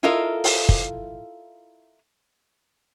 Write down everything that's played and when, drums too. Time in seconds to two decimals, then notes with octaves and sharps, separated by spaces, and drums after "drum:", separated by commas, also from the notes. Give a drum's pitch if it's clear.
0.03 E4 F4 A4 A#4 D#5 F5
0.44 drum: open hi-hat
0.69 drum: kick